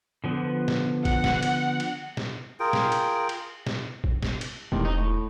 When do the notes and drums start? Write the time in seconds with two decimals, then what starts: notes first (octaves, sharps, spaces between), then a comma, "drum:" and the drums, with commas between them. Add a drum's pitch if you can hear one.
0.24 D3 F3 B3
0.68 drum: snare
1.05 F#5, drum: kick, cymbal
1.24 drum: snare
1.43 drum: cymbal
1.80 drum: cymbal
2.17 drum: snare
2.60 F4 G#4 A#4 G5
2.73 drum: snare
2.92 drum: cymbal
3.29 drum: cymbal
3.67 drum: snare
4.04 drum: kick
4.22 drum: snare
4.41 drum: cymbal
4.72 E1 A2 C3 D#3
4.85 D#4
4.98 A2